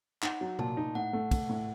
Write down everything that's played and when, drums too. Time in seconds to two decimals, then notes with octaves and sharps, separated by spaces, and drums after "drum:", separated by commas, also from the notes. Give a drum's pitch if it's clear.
0.22 D#4 F#5, drum: clap
0.41 F#3
0.59 A#2 A5, drum: tom C3
0.77 D#4
0.95 A2 F#5
1.13 A3
1.31 A3, drum: kick, cymbal
1.49 A2